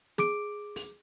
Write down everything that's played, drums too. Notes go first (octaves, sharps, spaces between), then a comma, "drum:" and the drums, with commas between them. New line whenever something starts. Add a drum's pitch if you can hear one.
G#4 D6 D7, drum: snare
drum: open hi-hat